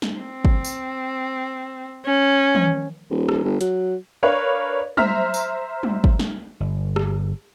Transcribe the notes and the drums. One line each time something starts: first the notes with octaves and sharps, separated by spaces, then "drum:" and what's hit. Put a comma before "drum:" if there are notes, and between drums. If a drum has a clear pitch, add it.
drum: snare
C4
drum: kick
drum: tambourine
C#4
drum: tom
D#1
drum: rim click
G1
F#3, drum: hi-hat
D4 A#4 B4 C#5 F5
C5 E5 A#5 F6 B6, drum: tom
drum: tambourine
drum: tom
drum: kick
drum: snare
G1
drum: rim click